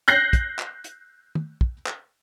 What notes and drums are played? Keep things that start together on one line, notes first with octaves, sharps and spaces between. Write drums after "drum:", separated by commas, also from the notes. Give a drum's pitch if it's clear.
F#6 G6 A#6 C7
drum: kick, hi-hat
drum: clap
drum: hi-hat
drum: tom
drum: kick
drum: clap